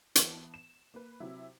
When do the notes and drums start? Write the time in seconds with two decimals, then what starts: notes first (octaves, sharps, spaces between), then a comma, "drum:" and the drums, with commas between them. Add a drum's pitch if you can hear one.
0.15 E3 B3 A5, drum: hi-hat
0.54 E7
0.94 A#3 B4
1.20 C3 F#3 E4